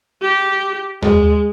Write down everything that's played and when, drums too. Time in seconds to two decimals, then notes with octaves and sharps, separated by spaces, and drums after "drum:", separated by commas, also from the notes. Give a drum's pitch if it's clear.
0.22 G4
1.02 G#3, drum: tom D#2